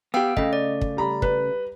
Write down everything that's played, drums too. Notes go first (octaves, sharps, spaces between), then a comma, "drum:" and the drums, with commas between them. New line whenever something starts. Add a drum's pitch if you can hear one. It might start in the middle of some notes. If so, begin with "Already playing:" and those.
B3 G4 F5 G5 E6
C#3 A3 D#5, drum: kick
D5
drum: kick
G3 A#5 B5
B4, drum: kick